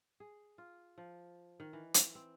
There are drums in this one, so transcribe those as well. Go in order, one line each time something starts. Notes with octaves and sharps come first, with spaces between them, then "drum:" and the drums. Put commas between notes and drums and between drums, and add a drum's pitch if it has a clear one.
G#4
F4
F3
D#3
E3
drum: hi-hat
C4